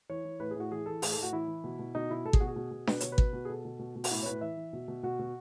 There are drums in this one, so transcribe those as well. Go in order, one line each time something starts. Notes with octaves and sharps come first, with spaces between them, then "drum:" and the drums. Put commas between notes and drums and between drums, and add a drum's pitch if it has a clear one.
E3 C#5
E3
A2 B4
A2 G#4
F#4
E3 G#4
E3 A4
A2 G#4, drum: open hi-hat
A4
A2 F#4
E3 E4
E3
B2
B2
B2 D#4
B2 E4
B2 A4
G#4, drum: kick
B2 F#4
G#4
B2
B2
B2 B4, drum: snare D4
B2 C#5, drum: hi-hat
B4
B2, drum: kick
B2
G#4
B2 A4
B2
B2
B2
F#4, drum: open hi-hat
A2 E4
C#5
A2 B4
E3 E5
E3
B2
B2
B2 F#4
B2